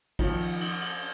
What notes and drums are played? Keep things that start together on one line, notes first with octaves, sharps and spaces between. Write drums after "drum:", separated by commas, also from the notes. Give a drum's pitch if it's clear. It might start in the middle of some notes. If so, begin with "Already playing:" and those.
D#3 F3, drum: kick, cymbal
drum: cymbal
drum: cymbal
drum: cymbal